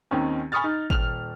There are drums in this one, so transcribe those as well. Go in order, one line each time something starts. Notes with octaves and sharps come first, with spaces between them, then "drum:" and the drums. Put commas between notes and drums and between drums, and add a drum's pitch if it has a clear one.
D#2 D#3 C4 C#4 D#4
G#5 B5 C#6 D#6 F6 A6
D#4
D#1 F6 F7, drum: kick